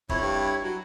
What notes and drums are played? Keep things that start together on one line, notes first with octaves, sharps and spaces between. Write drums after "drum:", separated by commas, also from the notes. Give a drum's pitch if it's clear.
F2 E4 C#5, drum: kick
G2
F#3